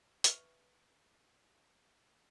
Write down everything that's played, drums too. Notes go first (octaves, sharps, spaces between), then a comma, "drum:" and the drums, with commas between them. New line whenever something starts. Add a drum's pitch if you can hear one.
B4 E5 C#6 F6, drum: hi-hat